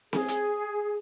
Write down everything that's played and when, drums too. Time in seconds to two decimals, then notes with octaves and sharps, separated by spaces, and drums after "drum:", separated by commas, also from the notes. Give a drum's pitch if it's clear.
0.13 G#4, drum: snare C4
0.28 drum: hi-hat